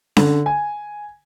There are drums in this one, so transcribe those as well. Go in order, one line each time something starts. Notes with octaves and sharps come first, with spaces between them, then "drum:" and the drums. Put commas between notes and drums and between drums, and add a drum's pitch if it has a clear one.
D3, drum: snare C#4
G#5